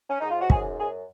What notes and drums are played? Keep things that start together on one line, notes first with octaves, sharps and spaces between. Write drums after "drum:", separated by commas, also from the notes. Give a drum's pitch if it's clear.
C#4
G#2 D#4
F4
F#4
F#2 G#4, drum: kick
F#2 G#4